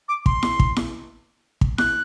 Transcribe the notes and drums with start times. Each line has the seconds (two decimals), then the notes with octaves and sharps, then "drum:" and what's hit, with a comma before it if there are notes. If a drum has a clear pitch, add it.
0.09 D6
0.26 C6, drum: kick
0.43 drum: snare E4
0.60 drum: kick
0.76 drum: snare E4
1.61 drum: kick
1.78 F#6, drum: snare E4